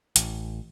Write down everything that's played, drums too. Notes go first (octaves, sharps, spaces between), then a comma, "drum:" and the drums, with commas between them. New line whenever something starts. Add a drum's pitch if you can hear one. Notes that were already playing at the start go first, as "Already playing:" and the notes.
A1, drum: hi-hat